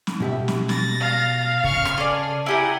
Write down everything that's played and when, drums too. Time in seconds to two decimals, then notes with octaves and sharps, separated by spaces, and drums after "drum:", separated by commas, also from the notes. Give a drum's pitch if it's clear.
0.07 drum: snare
0.20 B2 G4 E5
0.48 drum: snare
0.69 A6 A#6, drum: snare
1.00 F5
1.64 C#3 C#6 F6, drum: kick
1.85 drum: rim click
1.98 G#4 A4 D5
2.46 E4 G4 F#5 G#5 A#5